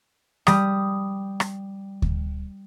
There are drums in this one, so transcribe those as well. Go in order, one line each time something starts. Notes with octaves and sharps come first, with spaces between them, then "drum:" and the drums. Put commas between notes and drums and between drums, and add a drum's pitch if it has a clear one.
G3 D#6, drum: rim click
drum: rim click
drum: kick D2